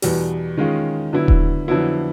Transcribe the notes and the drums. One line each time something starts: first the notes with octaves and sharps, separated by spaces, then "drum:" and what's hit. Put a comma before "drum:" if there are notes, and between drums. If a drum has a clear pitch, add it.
E2 B2 G3, drum: open hi-hat
D#3 G#3 C#4 F4
D3 F#3 B3 E4
drum: kick D#1
F2 D3 F#3 B3 E4